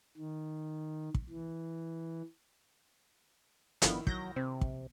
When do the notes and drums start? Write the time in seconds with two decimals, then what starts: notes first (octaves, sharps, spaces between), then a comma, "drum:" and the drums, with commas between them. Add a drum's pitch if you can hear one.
0.17 D#3
1.14 drum: kick
1.30 E3
3.82 G1 D3 D#3 F3 B3 E4, drum: hi-hat
4.07 F#3 G6 A#6, drum: kick
4.36 C3 C4
4.61 drum: kick